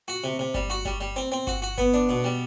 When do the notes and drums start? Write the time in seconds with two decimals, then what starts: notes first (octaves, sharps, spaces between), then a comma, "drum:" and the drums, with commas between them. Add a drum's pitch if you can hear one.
0.08 F#4
0.24 C3
0.39 C3
0.54 G3, drum: kick G1, hi-hat
0.70 F#4
0.85 G3, drum: kick G1, hi-hat
1.01 G3, drum: hi-hat
1.16 C4, drum: hi-hat
1.32 C4
1.47 F#4, drum: kick G1, hi-hat
1.62 F#4
1.78 B3, drum: kick G1, hi-hat
1.94 D4, drum: hi-hat
2.09 B2, drum: hi-hat
2.24 G3